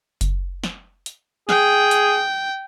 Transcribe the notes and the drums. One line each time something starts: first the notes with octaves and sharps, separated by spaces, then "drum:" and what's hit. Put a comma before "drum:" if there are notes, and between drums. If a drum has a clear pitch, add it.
drum: kick F#1, hi-hat
drum: snare
drum: hi-hat
G#4 G5, drum: snare
drum: hi-hat